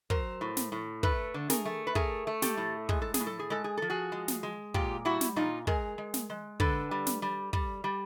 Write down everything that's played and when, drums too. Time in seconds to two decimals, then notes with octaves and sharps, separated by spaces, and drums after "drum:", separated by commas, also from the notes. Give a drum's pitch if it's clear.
0.10 F#3 A#4 C5, drum: kick
0.41 A2
0.57 drum: snare
0.72 A2
1.03 A3 A4 B4, drum: kick
1.34 D3
1.50 G#4 A#4, drum: snare
1.65 A3
1.87 B4
1.95 A3 G#4 A#4, drum: kick
2.27 A3
2.42 G4 A4, drum: snare
2.57 A2
2.89 G#3 G#4, drum: kick
3.02 A4
3.14 G#4, drum: snare
3.20 A2
3.27 A4
3.39 G#4
3.50 G#3 A4
3.64 G#4
3.77 F3 A4
3.90 F#4 G#4
4.12 G#3
4.28 drum: snare
4.43 G#3
4.74 A#2 F4 G4, drum: kick
5.05 G3 E4 F#4
5.21 drum: snare
5.36 A#2 D#4 F4
5.67 G#3 G#4 A#4, drum: kick
5.98 G#3
6.14 drum: snare
6.30 G#3
6.60 D3 A4 B4, drum: kick
6.91 G3
7.06 drum: snare
7.22 G3
7.53 G3, drum: kick
7.84 G3